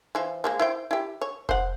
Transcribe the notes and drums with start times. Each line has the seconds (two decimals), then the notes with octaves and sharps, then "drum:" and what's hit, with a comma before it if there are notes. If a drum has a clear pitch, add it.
0.15 E3 F3
0.44 F3 G#3 A#3
0.60 E4 C5 G5
0.91 E4 G4
1.21 C#5
1.49 C5 F#5, drum: kick F1